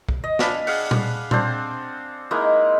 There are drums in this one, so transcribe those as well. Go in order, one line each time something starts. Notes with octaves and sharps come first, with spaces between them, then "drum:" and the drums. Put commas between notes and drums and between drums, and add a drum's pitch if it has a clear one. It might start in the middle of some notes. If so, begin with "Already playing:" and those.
drum: kick
D#5
D4 F5 G#5 B5, drum: snare
G#4 F5 F#5, drum: open hi-hat
drum: tom A#2
C4 D4 C5, drum: tom A#2
G#3 A#3 D#4 E4